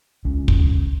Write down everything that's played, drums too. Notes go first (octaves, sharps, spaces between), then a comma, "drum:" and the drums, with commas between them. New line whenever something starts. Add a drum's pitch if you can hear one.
C#2 C#3
drum: kick